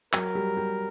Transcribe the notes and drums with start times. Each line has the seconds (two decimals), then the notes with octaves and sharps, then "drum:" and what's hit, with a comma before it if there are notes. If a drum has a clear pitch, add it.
0.13 F#3 A#4, drum: clap
0.35 G3
0.57 G3